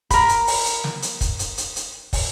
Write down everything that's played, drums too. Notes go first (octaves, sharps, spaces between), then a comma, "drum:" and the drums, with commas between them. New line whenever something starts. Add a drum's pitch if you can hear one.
A#4 B5, drum: kick, hi-hat
drum: hi-hat
drum: open hi-hat
drum: hi-hat
drum: snare
drum: hi-hat
drum: kick, hi-hat
drum: hi-hat
drum: hi-hat
drum: hi-hat
drum: kick, open hi-hat